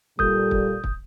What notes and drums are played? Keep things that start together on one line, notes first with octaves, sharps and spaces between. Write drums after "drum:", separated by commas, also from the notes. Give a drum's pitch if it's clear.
A#2 G3 A4 D#6 G6, drum: kick
drum: kick
drum: kick